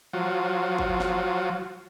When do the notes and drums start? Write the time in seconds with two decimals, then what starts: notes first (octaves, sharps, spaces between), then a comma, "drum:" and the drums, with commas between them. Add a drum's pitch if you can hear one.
0.13 F3 F#3
0.78 drum: kick G1
1.00 drum: snare